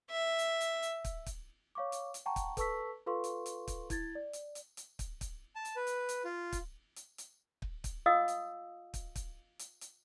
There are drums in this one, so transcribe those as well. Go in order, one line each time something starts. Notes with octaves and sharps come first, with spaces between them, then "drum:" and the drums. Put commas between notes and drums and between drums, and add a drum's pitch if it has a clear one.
E5
drum: hi-hat
drum: hi-hat
drum: hi-hat
drum: kick, hi-hat
drum: kick, hi-hat
C#5 F5 C#6 D6
drum: hi-hat
drum: hi-hat
F#5 G5 A5 A#5 C#6
drum: kick, hi-hat
A4 B4 A5 C#6 E6 B6, drum: kick, hi-hat
F4 A4 B4 F5 C6 C#6
drum: hi-hat
drum: hi-hat
drum: kick, hi-hat
E4 G#6 A6, drum: kick, hi-hat
D5
drum: hi-hat
drum: hi-hat
drum: hi-hat
drum: kick, hi-hat
drum: kick, hi-hat
A5
drum: hi-hat
B4
drum: hi-hat
drum: hi-hat
F4
drum: kick, hi-hat
drum: hi-hat
drum: hi-hat
drum: kick
drum: kick, hi-hat
F4 D#5 F5 D#6 E6
drum: hi-hat
drum: kick, hi-hat
drum: kick, hi-hat
drum: hi-hat
drum: hi-hat